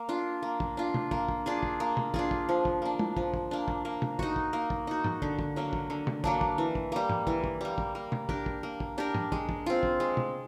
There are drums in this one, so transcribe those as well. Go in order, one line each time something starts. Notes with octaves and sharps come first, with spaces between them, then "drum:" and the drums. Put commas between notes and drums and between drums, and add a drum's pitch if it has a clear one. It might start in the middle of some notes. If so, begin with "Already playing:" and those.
Already playing: A#3
D4 F4
A#3
drum: kick
D4 F4
drum: tom
A#3, drum: kick
drum: kick
D4 F4 G#4
drum: kick
A#3
drum: tom
D4 F4 G#4, drum: kick
drum: kick
F3
drum: kick
A#3 D4
drum: tom
F3, drum: kick
drum: kick
A#3 D4
drum: kick
A#3
drum: tom
D#4 F#4, drum: kick
drum: kick
A#3
drum: kick
D#4 F#4
drum: tom
D3, drum: kick
drum: kick
F#3 A#3 D4
drum: kick
D3
drum: tom
F#3 A#3 D4, drum: kick
drum: kick
E3
drum: kick
G3 A#3
drum: tom
E3, drum: kick
drum: kick
G3 A#3
drum: kick
A#3
drum: tom
D4 G4 A#4, drum: kick
drum: kick
A#3
drum: kick
D4 G4 A#4
drum: tom
G#3, drum: kick
drum: kick
C4 F4
drum: kick
G#3
drum: tom